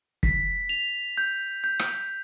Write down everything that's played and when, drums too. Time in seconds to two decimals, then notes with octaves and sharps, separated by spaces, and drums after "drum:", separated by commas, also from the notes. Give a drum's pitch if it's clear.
0.23 B6, drum: kick
0.69 F7
1.17 G6
1.64 G6
1.79 drum: rim click